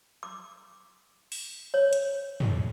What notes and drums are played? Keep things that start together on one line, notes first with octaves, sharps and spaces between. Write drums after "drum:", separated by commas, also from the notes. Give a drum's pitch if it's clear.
D6
drum: open hi-hat
C#5
drum: hi-hat
drum: tom